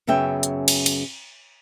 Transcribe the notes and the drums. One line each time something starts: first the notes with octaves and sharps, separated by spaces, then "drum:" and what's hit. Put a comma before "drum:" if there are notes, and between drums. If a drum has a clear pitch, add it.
F#2 C#3 B3 E5 G5
drum: hi-hat
drum: cymbal
drum: cymbal